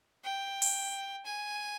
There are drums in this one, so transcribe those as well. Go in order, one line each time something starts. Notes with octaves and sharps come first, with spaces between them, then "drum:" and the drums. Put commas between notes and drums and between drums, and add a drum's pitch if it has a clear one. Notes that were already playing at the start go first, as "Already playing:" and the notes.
G5
drum: open hi-hat
G#5